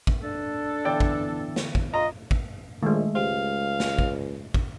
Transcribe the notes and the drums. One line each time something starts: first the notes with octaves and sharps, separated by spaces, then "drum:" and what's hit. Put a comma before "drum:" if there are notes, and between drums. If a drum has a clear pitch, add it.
drum: kick
D4 A4
D3 E3 B3 D5 G5
drum: kick
drum: snare
drum: kick
F4 D#5 A#5
drum: kick
A#1 D#3 G#3 A3
C#2 G4 C5 F5
drum: snare
drum: kick
drum: kick